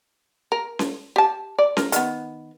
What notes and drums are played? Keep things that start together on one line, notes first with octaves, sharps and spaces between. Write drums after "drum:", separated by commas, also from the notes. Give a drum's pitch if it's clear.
A#4
drum: snare C#4
G4 A5
D5
A#4, drum: snare C#4
D#3 F#3 B3, drum: hi-hat